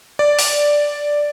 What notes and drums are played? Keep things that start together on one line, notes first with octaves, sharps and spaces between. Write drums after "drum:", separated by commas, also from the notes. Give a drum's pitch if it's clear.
D5
drum: open hi-hat